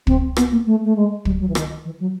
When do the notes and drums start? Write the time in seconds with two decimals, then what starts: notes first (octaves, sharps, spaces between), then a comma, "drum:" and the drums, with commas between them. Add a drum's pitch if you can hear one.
0.07 C4, drum: kick
0.36 B3, drum: rim click
0.52 A#3
0.66 A3
0.85 A3
0.96 G#3
1.25 G3, drum: kick
1.40 F#3
1.49 E3
1.55 D#3, drum: rim click
1.85 E3
2.00 F#3